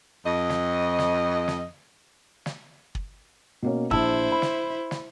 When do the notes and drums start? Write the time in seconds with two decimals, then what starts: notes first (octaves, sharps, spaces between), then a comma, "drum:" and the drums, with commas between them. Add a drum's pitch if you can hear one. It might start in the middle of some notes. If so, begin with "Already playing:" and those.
0.25 F2 D#5
0.50 drum: snare
0.99 drum: snare
1.48 drum: snare
2.46 drum: snare
2.95 drum: kick
3.63 B2 A#3 C#4
3.91 A#1 E4 C5 A5 E6, drum: kick
4.32 B5
4.42 drum: snare
4.91 drum: snare